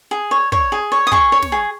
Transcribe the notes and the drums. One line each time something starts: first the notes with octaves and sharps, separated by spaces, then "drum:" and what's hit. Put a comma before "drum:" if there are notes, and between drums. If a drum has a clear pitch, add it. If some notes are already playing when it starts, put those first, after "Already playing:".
G#4
C#5
C#5, drum: kick
G#4
C#5
D#6
G#4 C#6, drum: kick
C#5
drum: snare
G#4